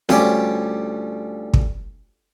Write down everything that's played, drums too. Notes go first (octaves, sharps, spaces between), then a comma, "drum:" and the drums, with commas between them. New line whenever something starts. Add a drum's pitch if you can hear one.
D2 F3 G3 C#4 G4, drum: snare
drum: kick